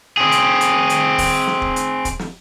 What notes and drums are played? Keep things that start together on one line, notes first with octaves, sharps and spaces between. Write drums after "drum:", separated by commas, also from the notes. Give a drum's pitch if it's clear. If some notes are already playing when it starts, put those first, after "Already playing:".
C4 G#4
drum: hi-hat
drum: hi-hat
drum: hi-hat
drum: kick, open hi-hat
drum: snare
drum: kick
drum: hi-hat
drum: kick, hi-hat
drum: snare